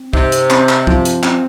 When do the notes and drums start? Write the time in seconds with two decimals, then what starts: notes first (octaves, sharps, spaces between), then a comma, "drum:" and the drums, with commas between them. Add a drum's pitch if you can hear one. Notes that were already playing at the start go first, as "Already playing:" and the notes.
Already playing: C4
0.13 C3 D#4, drum: kick
0.32 drum: hi-hat
0.50 C4, drum: clap
0.69 drum: clap
0.87 F3, drum: kick
1.05 drum: hi-hat
1.23 C4, drum: clap